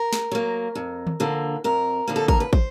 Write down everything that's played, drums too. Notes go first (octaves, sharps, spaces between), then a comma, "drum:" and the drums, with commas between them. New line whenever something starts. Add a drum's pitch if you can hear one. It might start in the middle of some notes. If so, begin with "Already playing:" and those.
Already playing: A#4
drum: snare
F#3 A#3
F2
drum: tom
D3 F3 A#3
F2 A#4
D3 F3 A#3
A4
A#4, drum: kick
B4
C5, drum: kick